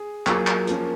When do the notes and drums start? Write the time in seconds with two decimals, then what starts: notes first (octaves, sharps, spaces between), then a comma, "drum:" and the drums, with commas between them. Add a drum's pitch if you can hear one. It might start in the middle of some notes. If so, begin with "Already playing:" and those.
Already playing: G#4
0.27 F#3 A#3 F4 G#4, drum: clap
0.47 drum: clap
0.67 F3 A#3 C#4, drum: hi-hat